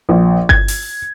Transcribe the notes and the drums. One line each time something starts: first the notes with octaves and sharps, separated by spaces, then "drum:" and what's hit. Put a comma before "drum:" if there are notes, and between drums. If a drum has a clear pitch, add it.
A#1
G#6, drum: kick G1
drum: open hi-hat